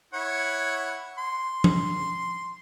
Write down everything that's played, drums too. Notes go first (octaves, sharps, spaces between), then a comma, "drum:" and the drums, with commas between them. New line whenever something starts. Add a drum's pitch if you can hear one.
E4 C#5 F#5
C6
drum: tom F3